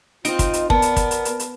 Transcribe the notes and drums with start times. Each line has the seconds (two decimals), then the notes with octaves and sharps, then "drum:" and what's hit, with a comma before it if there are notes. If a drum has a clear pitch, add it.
0.25 C4 D#4 F4 D#5 D7, drum: hi-hat
0.39 drum: kick, hi-hat
0.53 drum: hi-hat
0.70 B3 A#4 D5 A5, drum: kick
0.82 drum: hi-hat
0.96 drum: kick, hi-hat
1.11 drum: hi-hat
1.25 drum: hi-hat
1.40 drum: hi-hat